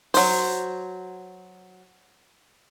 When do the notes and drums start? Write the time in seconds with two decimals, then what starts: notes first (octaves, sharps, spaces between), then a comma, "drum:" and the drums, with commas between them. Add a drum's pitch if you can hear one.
0.14 F#3 C5, drum: open hi-hat